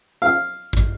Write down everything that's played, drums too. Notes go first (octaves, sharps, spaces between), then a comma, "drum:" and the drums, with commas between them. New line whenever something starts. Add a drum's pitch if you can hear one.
F5
drum: kick